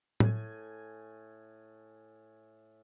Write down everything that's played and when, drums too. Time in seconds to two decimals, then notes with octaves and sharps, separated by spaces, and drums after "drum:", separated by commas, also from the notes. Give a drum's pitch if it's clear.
0.20 A2 G#5, drum: tom A2